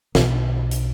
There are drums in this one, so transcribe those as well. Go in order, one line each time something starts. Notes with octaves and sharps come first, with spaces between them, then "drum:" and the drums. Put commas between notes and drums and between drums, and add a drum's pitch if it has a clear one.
B1, drum: snare
drum: hi-hat